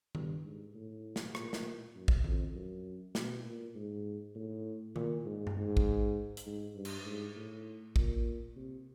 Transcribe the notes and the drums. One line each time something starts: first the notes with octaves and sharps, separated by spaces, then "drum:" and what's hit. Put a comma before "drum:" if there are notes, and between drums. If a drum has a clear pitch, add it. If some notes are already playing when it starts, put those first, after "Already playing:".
G2, drum: tom D#3
G#2
A2
drum: snare
A#2, drum: rim click
drum: snare
F#2
drum: kick A1
F2, drum: tom D#3
F#2
B2, drum: snare
A#2
G#2
A2
A#2, drum: tom D#3
G#2
drum: tom G2
G#2
drum: kick A1
drum: hi-hat
G#2
G2
drum: cymbal
G#2
A2
A#2, drum: kick A1
C3